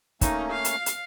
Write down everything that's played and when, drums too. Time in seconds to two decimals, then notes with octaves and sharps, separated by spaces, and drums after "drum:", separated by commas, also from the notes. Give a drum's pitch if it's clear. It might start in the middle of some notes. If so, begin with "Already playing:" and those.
0.21 A3 A#3 C#4 D#4, drum: kick, hi-hat
0.51 F5
0.65 drum: hi-hat
0.86 drum: hi-hat